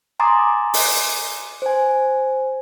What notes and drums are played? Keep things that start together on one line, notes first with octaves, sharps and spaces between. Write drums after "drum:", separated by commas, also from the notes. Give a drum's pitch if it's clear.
G#5 A#5 C6 D6 D#6 A6
drum: open hi-hat
C5 G#5